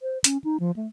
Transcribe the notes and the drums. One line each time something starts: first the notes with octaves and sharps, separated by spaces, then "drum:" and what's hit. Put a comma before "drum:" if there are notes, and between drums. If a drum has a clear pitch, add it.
C5
C#4, drum: hi-hat
D#4
F3
A3